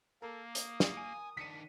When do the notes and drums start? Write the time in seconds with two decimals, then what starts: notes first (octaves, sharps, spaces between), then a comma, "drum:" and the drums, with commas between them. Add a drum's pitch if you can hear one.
0.22 A#3 A4 A#4
0.55 D#6, drum: hi-hat
0.80 drum: snare
0.97 G#5
1.37 D#3 D4 B6 C#7 D#7